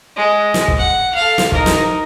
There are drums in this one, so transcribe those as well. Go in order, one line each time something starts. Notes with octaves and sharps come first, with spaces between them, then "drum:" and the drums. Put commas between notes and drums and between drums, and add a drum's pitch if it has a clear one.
G#3
drum: snare
drum: kick
F#5
A4 F5
drum: snare
D#4 A#4, drum: kick
drum: snare